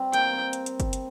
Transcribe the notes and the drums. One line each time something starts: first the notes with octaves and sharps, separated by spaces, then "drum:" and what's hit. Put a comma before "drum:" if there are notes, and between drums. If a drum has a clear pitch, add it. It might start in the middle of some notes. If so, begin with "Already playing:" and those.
Already playing: G3 C4
A#3 G5, drum: hi-hat
C4
drum: hi-hat
drum: hi-hat
drum: kick G1, hi-hat
drum: hi-hat